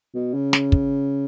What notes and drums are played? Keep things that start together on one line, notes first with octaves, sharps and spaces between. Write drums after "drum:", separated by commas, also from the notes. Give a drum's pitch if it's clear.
B2
C#3
drum: snare
drum: kick